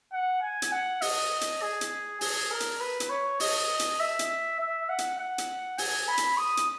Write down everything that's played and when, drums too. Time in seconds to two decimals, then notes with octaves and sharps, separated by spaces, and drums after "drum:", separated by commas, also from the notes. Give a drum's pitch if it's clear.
0.13 F#5
0.42 G#5
0.62 drum: hi-hat
0.72 F#5
1.02 D#5, drum: open hi-hat
1.41 drum: hi-hat
1.62 G#4
1.81 drum: hi-hat
2.21 G#4, drum: open hi-hat
2.51 A#4
2.60 drum: hi-hat
2.80 B4
3.00 drum: hi-hat
3.09 C#5
3.40 D#5, drum: open hi-hat
3.79 drum: hi-hat
4.00 E5
4.19 drum: hi-hat
4.59 E5
4.89 F#5
4.98 drum: hi-hat
5.18 F#5
5.38 drum: hi-hat
5.78 G#5, drum: open hi-hat
6.08 B5
6.18 drum: hi-hat
6.37 D#6
6.57 drum: hi-hat